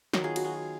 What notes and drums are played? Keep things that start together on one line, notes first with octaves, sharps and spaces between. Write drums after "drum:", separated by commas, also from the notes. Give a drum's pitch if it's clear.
D#3 F#3 B3 F#4 A#4, drum: snare
F4 G#4
F#4, drum: cymbal
F4 G#4